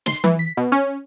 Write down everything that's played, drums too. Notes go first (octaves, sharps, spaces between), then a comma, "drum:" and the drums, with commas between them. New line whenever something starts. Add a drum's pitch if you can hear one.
C6, drum: snare
E3, drum: tom E3
B6
B2
C#4